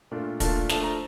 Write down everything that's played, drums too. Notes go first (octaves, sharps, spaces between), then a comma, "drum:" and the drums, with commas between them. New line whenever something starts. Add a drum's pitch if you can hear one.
A#2 A3 D4 F4
A#2 A3 D4 F4 A5, drum: kick, hi-hat
F3 A3 D4 A5, drum: snare
A#5